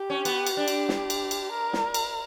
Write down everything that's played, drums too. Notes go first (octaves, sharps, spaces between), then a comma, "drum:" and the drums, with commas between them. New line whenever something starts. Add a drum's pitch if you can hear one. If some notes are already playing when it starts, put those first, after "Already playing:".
Already playing: G4
C#4
B3, drum: cymbal
drum: cymbal
D4
drum: cymbal
drum: snare
drum: cymbal
drum: cymbal
A#4
drum: snare
drum: cymbal